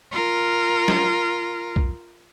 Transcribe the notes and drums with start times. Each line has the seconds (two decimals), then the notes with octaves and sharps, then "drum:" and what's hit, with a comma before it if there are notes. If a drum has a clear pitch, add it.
0.11 F4 A#4
0.88 drum: snare
1.76 drum: kick